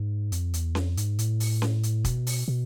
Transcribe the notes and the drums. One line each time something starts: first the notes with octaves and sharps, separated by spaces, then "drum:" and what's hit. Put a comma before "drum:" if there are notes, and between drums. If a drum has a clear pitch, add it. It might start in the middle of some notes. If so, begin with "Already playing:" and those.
Already playing: G#2
F2, drum: hi-hat
E2, drum: hi-hat
F2, drum: snare C#4
G#2, drum: hi-hat
A2, drum: hi-hat
drum: open hi-hat
drum: snare C#4
drum: hi-hat
B2, drum: kick, hi-hat
drum: open hi-hat
B2